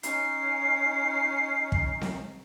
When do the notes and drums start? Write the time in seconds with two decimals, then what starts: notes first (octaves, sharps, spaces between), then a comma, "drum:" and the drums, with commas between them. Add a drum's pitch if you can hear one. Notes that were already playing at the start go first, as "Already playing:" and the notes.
0.03 C#4 D#4 C7, drum: hi-hat
1.72 drum: kick
2.01 drum: snare C4